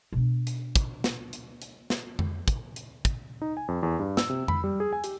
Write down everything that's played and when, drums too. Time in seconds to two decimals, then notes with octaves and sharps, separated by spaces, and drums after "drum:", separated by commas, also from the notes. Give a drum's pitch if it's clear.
0.13 B2 D4
0.47 drum: hi-hat
0.76 drum: kick, hi-hat
1.04 drum: snare
1.33 drum: hi-hat
1.62 drum: hi-hat
1.90 drum: snare
2.19 drum: tom F2
2.48 drum: kick, hi-hat
2.76 drum: hi-hat
3.05 drum: kick, hi-hat
3.42 D#4
3.57 G#5
3.68 F2
3.83 E2
3.99 G2
4.17 E6, drum: snare
4.29 C3
4.48 B5, drum: tom F2
4.64 G3
4.80 G#4
4.93 G#5
5.04 G4, drum: hi-hat